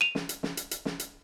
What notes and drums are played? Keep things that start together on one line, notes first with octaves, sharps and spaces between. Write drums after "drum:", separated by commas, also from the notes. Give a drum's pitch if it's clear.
D#7 F7
drum: snare
drum: hi-hat
drum: snare
drum: hi-hat
drum: hi-hat
drum: snare
drum: hi-hat